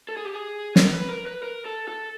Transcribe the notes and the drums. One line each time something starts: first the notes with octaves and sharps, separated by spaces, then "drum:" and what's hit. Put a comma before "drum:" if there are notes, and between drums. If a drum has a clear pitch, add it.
A4
G#4
G4
G#4
A#4, drum: snare
B4
A#4
B4
A#4
A4
A4